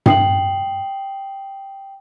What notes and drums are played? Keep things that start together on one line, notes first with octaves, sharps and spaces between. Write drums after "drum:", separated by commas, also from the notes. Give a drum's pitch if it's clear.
G5 D#6 C7 F#7, drum: tom G2